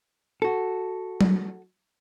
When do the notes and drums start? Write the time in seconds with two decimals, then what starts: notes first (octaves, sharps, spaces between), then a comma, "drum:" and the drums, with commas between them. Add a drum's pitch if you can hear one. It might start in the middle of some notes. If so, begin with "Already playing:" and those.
0.42 F#4 A4
1.21 drum: tom F#3